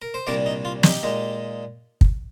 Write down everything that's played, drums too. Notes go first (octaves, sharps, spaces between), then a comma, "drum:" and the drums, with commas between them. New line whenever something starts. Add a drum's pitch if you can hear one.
A#4
C5
C2 A#2 G3 D4 A#4 D5
D#4
F4
D#4 G4, drum: snare
A#2 G#3 D#4
drum: kick